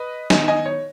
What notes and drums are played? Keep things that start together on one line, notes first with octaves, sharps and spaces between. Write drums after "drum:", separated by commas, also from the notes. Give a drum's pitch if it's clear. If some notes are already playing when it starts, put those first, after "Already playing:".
Already playing: B4 D#5
D#3 B3 D#4 D#5 G#5, drum: snare
D#5 G#5
C#5